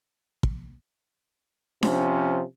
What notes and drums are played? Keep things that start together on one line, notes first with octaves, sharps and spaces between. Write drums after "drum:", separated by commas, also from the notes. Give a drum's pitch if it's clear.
drum: kick
C3 F3 C#4, drum: snare D4